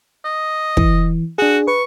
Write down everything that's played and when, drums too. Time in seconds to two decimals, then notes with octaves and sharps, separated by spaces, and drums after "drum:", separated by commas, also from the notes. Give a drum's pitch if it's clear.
0.25 D#5
0.77 E3, drum: kick
1.38 D4 F#4 G#4
1.68 B4 C#6